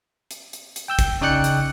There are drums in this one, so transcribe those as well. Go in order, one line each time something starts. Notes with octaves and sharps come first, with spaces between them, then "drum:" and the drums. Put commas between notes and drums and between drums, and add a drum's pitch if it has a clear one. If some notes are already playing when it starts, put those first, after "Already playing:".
drum: hi-hat
drum: hi-hat
drum: hi-hat
G5 E6 G6
drum: kick, hi-hat
C#3 D#4 D5 G5 F#6 C#7
drum: hi-hat